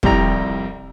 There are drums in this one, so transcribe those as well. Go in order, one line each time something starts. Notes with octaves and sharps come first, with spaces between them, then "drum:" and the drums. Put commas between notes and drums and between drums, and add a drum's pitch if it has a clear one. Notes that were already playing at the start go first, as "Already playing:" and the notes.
C2 F2 G3 E4 G5 A#5, drum: kick